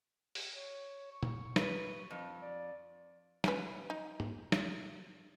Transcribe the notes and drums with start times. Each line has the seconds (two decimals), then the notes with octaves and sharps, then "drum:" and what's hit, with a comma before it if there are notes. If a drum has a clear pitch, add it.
0.35 drum: open hi-hat
0.54 C#5
1.11 C#6
1.23 drum: tom A#2
1.56 B4, drum: snare
2.10 F2
2.42 D5
3.44 C#4 B4, drum: snare
3.90 D#4
4.20 drum: tom
4.52 drum: snare